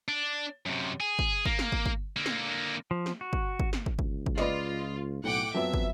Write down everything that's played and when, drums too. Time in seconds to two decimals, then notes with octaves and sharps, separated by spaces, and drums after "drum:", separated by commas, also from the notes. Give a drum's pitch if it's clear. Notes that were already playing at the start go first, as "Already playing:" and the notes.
0.08 D4
0.66 F#2 C3
1.00 G#4
1.19 drum: kick
1.46 A#3, drum: kick
1.59 drum: snare
1.72 drum: kick
1.86 drum: kick
2.16 D3 A#3
2.26 drum: snare
2.91 F3
3.06 drum: snare
3.21 F#4
3.33 drum: kick
3.60 drum: kick
3.73 drum: snare
3.86 drum: kick
3.99 C#2, drum: kick
4.26 drum: kick
4.38 F4 B4 D5 D#5, drum: snare
5.24 B1 A2 F#5 G5 D6
5.54 F2 F3 F#3 B3 E5
5.74 drum: kick